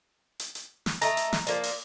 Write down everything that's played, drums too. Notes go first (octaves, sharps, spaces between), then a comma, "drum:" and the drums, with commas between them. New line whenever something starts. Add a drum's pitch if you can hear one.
drum: hi-hat
drum: hi-hat
drum: snare
A3 D#5 A#5, drum: hi-hat
drum: hi-hat
drum: snare
F3 A#3 D5, drum: hi-hat
drum: open hi-hat